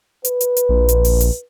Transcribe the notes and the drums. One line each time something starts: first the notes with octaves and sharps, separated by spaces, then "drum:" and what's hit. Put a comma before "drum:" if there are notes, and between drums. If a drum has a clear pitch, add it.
B4, drum: hi-hat
drum: hi-hat
drum: hi-hat
A#1
drum: hi-hat
drum: open hi-hat
drum: hi-hat